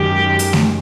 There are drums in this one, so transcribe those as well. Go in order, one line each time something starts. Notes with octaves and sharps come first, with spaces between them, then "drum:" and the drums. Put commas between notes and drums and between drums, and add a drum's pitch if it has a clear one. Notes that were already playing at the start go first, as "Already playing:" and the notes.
Already playing: F#2 D#3 G#3 G4
drum: hi-hat
drum: snare A3